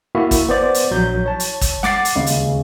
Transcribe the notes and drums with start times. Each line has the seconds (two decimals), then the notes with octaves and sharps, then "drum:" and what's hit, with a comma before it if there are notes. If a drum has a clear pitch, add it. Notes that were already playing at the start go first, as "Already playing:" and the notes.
0.15 A#3 E4 F#4 E5
0.31 drum: kick G1, hi-hat
0.49 B3 C5 D5
0.74 drum: hi-hat
0.91 A#1 F#3 G6
1.26 C#5 A5
1.40 drum: hi-hat
1.61 drum: kick G1, hi-hat
1.83 F#5 D6 A6 C7, drum: snare
2.05 drum: hi-hat
2.16 D#2 C#3 G#3
2.27 drum: hi-hat